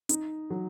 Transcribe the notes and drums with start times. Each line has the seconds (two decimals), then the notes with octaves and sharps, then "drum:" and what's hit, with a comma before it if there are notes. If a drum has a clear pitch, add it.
0.09 D#4, drum: hi-hat
0.50 F#3